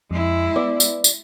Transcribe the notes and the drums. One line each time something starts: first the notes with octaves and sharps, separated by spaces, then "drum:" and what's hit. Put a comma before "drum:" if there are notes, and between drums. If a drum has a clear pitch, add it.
F2 G#3 E4
B3 D5
drum: tambourine
drum: tambourine